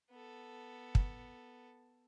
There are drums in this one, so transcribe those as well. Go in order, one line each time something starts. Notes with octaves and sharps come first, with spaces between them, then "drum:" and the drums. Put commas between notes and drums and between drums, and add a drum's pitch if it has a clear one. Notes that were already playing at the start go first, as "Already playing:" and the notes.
B3 A4
drum: kick